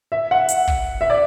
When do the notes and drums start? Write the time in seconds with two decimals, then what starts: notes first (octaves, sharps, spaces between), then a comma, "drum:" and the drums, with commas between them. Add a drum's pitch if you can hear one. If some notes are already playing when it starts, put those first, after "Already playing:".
0.12 E5
0.31 F#5
0.49 drum: hi-hat
0.67 drum: kick
1.01 E5
1.10 D5